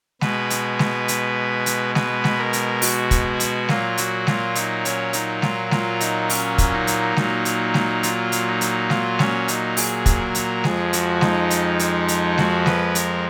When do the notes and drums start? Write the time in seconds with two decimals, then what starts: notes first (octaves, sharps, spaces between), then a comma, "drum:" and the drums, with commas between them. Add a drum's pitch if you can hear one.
0.21 B2 G#3 B4, drum: snare G#3
0.50 drum: hi-hat
0.79 drum: snare G#3
1.08 drum: hi-hat
1.66 drum: hi-hat
1.95 B4, drum: snare G#3
2.24 drum: snare G#3
2.39 A#4
2.53 drum: hi-hat
2.82 F#4, drum: open hi-hat
3.11 drum: kick, hi-hat
3.40 drum: hi-hat
3.69 A#2 F#3 A#3 F4, drum: snare G#3
3.97 F#4, drum: hi-hat
4.27 F4, drum: snare G#3
4.55 D#4, drum: hi-hat
4.85 C#4, drum: hi-hat
5.13 D#4, drum: hi-hat
5.42 F4, drum: snare G#3
5.71 F4, drum: snare G#3
6.00 D#4, drum: hi-hat
6.30 C#4, drum: open hi-hat
6.58 drum: kick, hi-hat
6.73 D#4
6.87 drum: hi-hat
7.16 A#2 F#3 A#3, drum: snare G#3
7.45 drum: hi-hat
7.74 drum: snare G#3
8.03 F4, drum: hi-hat
8.32 drum: hi-hat
8.47 D#4
8.61 drum: hi-hat
8.90 F4, drum: snare G#3
9.19 C#4, drum: snare G#3
9.48 D#4, drum: hi-hat
9.77 G#4, drum: open hi-hat
10.06 drum: kick, hi-hat
10.20 A#4
10.35 drum: hi-hat
10.64 F2 F3 G#3 G#4, drum: snare G#3
10.93 F#4, drum: hi-hat
11.21 D#4, drum: snare G#3
11.50 drum: hi-hat
11.79 drum: hi-hat
12.08 drum: hi-hat
12.38 F#4, drum: snare G#3
12.66 B4, drum: snare G#3
12.95 A#4, drum: hi-hat